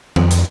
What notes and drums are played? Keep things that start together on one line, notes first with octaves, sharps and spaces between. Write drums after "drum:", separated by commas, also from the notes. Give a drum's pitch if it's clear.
F2, drum: tom
drum: hi-hat